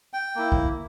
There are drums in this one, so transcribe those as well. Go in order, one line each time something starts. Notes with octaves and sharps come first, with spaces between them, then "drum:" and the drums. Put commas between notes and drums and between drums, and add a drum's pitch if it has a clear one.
G5
A#3 E4
drum: kick A#1